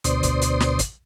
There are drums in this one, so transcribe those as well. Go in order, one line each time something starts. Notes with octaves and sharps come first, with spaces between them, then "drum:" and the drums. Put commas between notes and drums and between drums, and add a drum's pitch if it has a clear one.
D2 B2 C5 D5 C6 D#6, drum: hi-hat
drum: kick, hi-hat
drum: hi-hat
drum: snare
drum: kick, hi-hat